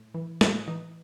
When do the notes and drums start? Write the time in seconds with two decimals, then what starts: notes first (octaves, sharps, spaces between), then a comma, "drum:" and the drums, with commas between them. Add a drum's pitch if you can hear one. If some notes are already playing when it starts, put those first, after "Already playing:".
Already playing: A2
0.14 E3
0.41 A2 F#4, drum: snare
0.67 E3 D#4